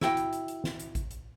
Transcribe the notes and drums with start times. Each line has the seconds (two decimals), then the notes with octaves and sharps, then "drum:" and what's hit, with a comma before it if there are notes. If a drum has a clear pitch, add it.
0.01 E4 F#4 G5, drum: snare
0.17 drum: hi-hat
0.33 drum: hi-hat
0.48 drum: hi-hat
0.64 drum: snare
0.79 drum: hi-hat
0.95 drum: kick A1, hi-hat
1.11 drum: hi-hat